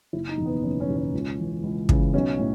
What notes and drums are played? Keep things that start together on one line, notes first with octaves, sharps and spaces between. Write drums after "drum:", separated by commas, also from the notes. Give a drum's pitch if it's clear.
F#1 E4
D#4
E2 B2
B3
F#1 C#4
C#4
E2 B2
C#4
C#2
C#3 E3
C#2
C#3 E3, drum: kick
B1 C#4
A2